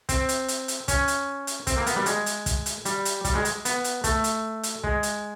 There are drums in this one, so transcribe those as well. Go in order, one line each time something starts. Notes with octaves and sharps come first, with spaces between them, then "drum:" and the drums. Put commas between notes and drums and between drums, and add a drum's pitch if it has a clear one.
C4, drum: kick, hi-hat
drum: hi-hat
drum: hi-hat
drum: hi-hat
C#4, drum: kick, hi-hat
drum: hi-hat
drum: hi-hat
C4, drum: kick, hi-hat
A#3
B3, drum: hi-hat
G3
G#3, drum: hi-hat
drum: hi-hat
drum: kick, hi-hat
drum: hi-hat
G3, drum: hi-hat
drum: hi-hat
G3, drum: kick, hi-hat
G#3
drum: hi-hat
B3, drum: hi-hat
drum: hi-hat
A3, drum: kick, hi-hat
drum: hi-hat
drum: hi-hat
G#3, drum: kick
drum: hi-hat